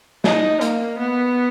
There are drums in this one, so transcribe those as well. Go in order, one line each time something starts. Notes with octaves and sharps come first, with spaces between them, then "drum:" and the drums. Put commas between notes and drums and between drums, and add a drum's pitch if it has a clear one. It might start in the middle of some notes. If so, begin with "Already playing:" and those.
D#4, drum: snare
A#3, drum: hi-hat
B3